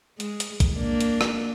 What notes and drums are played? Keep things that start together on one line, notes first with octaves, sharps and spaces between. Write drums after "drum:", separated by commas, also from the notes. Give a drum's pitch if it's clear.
G#3, drum: hi-hat
drum: hi-hat
drum: kick, hi-hat
A#3 D4
drum: hi-hat
drum: rim click